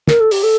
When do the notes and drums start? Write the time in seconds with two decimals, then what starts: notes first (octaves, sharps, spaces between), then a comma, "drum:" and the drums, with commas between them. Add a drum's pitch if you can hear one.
0.08 A#4, drum: snare
0.20 A4
0.31 G4, drum: open hi-hat
0.43 A4